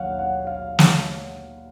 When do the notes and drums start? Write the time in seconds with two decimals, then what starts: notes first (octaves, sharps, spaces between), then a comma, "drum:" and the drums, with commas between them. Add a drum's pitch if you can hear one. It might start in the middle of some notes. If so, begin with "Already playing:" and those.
Already playing: D#2 F#3 C#5 F5 F#5
0.19 F#5
0.47 F5
0.79 drum: snare